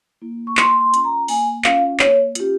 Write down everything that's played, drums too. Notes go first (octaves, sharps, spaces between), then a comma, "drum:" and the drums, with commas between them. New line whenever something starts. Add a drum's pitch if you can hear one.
A#3 E4
C#6
A#3 C6, drum: clap
C6
C#4 F4, drum: hi-hat
A#5
A#3 G#5, drum: open hi-hat
C#4 F4 F5, drum: clap
A#3 C#5, drum: clap
C#4 F4 G4, drum: hi-hat